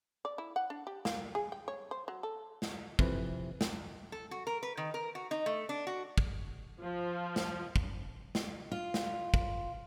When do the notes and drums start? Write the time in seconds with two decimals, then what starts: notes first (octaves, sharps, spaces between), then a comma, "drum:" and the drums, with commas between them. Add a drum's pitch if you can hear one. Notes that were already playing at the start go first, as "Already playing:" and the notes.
0.25 D5
0.38 E4
0.56 F#5
0.70 D4
0.87 G4
1.05 A#3, drum: snare
1.35 G#4
1.52 G5
1.68 C#5
1.91 C5
2.08 F#3
2.23 A4
2.62 drum: snare
2.99 F2 C3 E3 B4, drum: kick
3.61 drum: snare
4.12 A4
4.31 F#4
4.47 A#4
4.63 B4
4.77 D#3
4.94 A#4
5.15 F#4
5.31 D#4
5.46 A3
5.69 D4
5.87 F#4
6.18 drum: kick
6.81 F3
7.36 drum: snare
7.76 drum: kick
8.35 drum: snare
8.72 F4
8.94 drum: snare
9.34 drum: kick